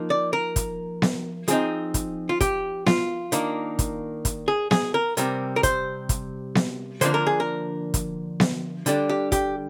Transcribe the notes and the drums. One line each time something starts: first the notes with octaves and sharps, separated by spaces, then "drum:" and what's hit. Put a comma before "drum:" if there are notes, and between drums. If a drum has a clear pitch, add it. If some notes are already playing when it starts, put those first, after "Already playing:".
Already playing: F3 A#3 D#4
D5
A#4
drum: kick, hi-hat
drum: snare B3
F3 C4 D#4 G#4, drum: hi-hat
drum: kick, hi-hat
F4
G4, drum: kick, hi-hat
F4, drum: snare B3
D#3 A#3 D4, drum: hi-hat
drum: kick, hi-hat
drum: kick, hi-hat
G#4
G#4, drum: snare B3
A#4
C3 G3 C4 A#4, drum: hi-hat
A#4
C5, drum: kick, hi-hat
drum: kick, hi-hat
drum: snare B3
D3 F3 A#3 D4 C5, drum: hi-hat
A#4
G#4
A#4
drum: kick, hi-hat
drum: snare B3
D3 G3 D4, drum: hi-hat
G4
G4, drum: kick, hi-hat